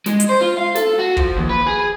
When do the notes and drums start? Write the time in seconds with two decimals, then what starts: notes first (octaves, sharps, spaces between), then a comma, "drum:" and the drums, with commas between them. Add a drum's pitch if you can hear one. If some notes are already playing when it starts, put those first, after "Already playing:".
0.06 G#3, drum: snare
0.20 drum: hi-hat
0.29 C5
0.42 F4
0.58 F5
0.76 A4, drum: snare
0.99 F#4
1.17 F3, drum: kick
1.37 D#2
1.49 B4
1.66 G#4